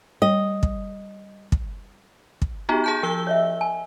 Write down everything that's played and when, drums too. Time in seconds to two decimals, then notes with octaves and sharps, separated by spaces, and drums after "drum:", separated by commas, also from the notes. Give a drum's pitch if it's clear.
0.22 G3 D#5
0.63 drum: kick
1.52 drum: kick
2.42 drum: kick
2.69 B3 D#4 F#4 G4 A#5
2.84 G#4 A5 G6
3.03 F3 E6 G7
3.27 C#5 D#5 E5
3.61 G#5